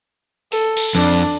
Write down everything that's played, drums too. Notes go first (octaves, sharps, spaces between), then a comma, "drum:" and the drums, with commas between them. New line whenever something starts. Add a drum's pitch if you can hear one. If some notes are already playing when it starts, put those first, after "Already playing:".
A4, drum: open hi-hat
drum: cymbal
F2 D4